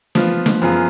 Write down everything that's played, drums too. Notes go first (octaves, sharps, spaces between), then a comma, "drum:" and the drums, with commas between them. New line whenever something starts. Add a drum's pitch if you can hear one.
F3 B3 F4, drum: snare
drum: snare
F#2 F3 B3 F4 G#4